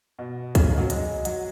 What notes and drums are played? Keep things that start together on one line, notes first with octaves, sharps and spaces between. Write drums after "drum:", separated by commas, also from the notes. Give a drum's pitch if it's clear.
B2
C#3, drum: kick, hi-hat
D#3
F#3
G#3, drum: hi-hat
F#3, drum: hi-hat